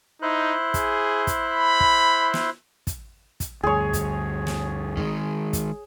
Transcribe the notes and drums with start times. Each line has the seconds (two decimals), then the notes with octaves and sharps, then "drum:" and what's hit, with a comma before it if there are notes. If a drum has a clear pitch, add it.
0.22 D#4 E4 C5 F#6
0.74 G#4, drum: kick, hi-hat
1.27 drum: kick, hi-hat
1.48 B5
1.80 drum: kick
2.34 drum: snare
2.87 drum: kick, hi-hat
3.40 drum: kick, hi-hat
3.63 D2 G2 G#4 C#5
3.93 drum: kick, hi-hat
4.47 drum: snare
4.97 D#3 G#3, drum: kick
5.53 drum: kick, hi-hat